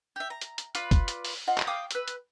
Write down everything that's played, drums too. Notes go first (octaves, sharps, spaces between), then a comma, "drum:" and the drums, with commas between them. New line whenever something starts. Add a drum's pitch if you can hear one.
G4 E5
A#5
drum: hi-hat
drum: hi-hat
F4 B4 D5 B5, drum: hi-hat
drum: kick F#1, hi-hat
drum: hi-hat
drum: open hi-hat
F4 D#5 F#5
drum: clap
F5 G5 D6 D#6
B4 E6, drum: hi-hat
drum: hi-hat